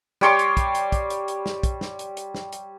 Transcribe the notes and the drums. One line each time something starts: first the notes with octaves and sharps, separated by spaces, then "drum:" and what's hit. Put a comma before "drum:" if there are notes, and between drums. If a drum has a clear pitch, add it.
G3 C#5 C6 D6, drum: snare
drum: hi-hat
drum: kick, hi-hat
drum: hi-hat
drum: kick, hi-hat
drum: hi-hat
drum: hi-hat
drum: snare
drum: kick, hi-hat
drum: snare
drum: hi-hat
drum: hi-hat
drum: snare
drum: hi-hat